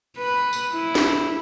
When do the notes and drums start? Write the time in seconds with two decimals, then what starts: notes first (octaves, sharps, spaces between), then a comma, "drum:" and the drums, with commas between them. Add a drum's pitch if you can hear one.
0.17 B4
0.53 drum: tambourine
0.74 E4
0.95 drum: snare